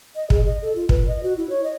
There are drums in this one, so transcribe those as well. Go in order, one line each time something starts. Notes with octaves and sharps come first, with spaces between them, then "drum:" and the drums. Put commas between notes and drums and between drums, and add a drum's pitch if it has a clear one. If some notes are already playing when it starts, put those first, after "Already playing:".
D#5
G#4, drum: kick
D#5
A4
F4
B4, drum: kick
D#5
F#4
E4
C#5
D#5